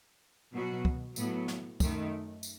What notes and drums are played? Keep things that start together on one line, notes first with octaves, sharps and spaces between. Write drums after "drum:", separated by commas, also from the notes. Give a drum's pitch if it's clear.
B2 F#3 B3 F#4
drum: kick
A2 F#3 B3, drum: tambourine
drum: snare
F#2 D#3 A3, drum: kick, tambourine
drum: tambourine